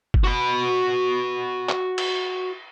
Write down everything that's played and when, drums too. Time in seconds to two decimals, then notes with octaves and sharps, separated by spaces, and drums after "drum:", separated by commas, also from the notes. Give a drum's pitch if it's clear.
0.14 drum: kick F#1
0.24 F#4 B5
1.69 drum: clap
1.98 drum: cymbal